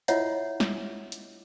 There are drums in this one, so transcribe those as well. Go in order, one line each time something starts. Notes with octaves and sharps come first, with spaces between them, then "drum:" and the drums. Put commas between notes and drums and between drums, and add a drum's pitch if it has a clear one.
E4 F4 C#5 D#5 E5 F#5, drum: hi-hat
drum: snare
drum: hi-hat